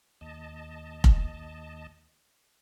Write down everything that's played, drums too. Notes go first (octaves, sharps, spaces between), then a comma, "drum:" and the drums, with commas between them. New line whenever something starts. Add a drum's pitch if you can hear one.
D#2 D#5 A5
drum: kick F1